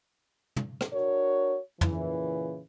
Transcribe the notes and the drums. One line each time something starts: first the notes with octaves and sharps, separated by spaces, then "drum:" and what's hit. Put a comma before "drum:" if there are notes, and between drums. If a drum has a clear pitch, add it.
drum: tom
drum: rim click
D4 F#4 A#4 C#5
A#2 C#3 E3, drum: tom